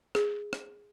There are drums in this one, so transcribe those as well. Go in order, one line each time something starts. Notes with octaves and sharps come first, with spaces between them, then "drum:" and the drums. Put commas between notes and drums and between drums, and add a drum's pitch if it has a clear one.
G#4, drum: rim click
drum: rim click